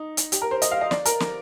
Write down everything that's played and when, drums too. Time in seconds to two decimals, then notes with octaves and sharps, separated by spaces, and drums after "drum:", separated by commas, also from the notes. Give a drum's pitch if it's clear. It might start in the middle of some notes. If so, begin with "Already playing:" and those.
Already playing: D#4
0.17 drum: hi-hat
0.32 G4, drum: hi-hat
0.42 A#4
0.51 C5
0.62 D#5, drum: hi-hat
0.71 F5
0.81 D#5
0.91 D5, drum: snare
1.05 A#4, drum: hi-hat
1.20 drum: snare